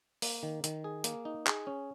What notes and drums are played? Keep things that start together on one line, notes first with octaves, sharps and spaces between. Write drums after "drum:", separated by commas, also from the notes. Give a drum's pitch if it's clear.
A#3, drum: open hi-hat
D#3
D#3, drum: hi-hat
G#4
A#3, drum: hi-hat
D#4
G#4, drum: clap
C#4